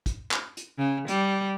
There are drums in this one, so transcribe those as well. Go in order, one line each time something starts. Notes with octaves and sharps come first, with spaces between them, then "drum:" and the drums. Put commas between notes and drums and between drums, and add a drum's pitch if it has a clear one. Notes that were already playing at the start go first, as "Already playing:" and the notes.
drum: kick, hi-hat
drum: clap
drum: hi-hat
C#3
G3, drum: hi-hat